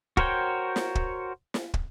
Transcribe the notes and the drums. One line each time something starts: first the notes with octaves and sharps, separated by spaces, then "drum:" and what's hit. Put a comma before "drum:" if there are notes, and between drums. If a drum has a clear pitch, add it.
F#4 A#4 C5 C#5 G5, drum: kick
drum: snare
drum: kick
drum: snare
drum: kick